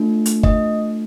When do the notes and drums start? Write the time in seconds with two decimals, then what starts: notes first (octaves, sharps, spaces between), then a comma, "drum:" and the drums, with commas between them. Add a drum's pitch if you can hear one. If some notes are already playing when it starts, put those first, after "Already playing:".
Already playing: A3 D4 F4
0.26 drum: hi-hat
0.43 D#5, drum: kick